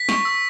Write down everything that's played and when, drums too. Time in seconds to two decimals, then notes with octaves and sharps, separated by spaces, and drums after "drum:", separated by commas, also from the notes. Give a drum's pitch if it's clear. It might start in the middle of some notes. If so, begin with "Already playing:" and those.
Already playing: B6
0.09 C#6, drum: snare
0.25 E6